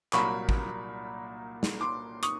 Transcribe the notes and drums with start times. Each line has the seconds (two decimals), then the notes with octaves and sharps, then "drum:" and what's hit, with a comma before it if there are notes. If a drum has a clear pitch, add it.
0.13 C2 A#2 F#3 A#3 B5 C#6, drum: clap
0.49 drum: kick
1.63 drum: snare
1.81 C6 D6
2.23 C#6 D#6, drum: hi-hat